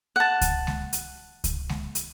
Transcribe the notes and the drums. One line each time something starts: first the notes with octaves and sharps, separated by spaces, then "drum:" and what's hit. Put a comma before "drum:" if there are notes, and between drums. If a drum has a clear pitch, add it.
F#5 A5
drum: kick C#2, hi-hat
drum: snare G#3
drum: hi-hat
drum: kick C#2, hi-hat
drum: snare G#3
drum: hi-hat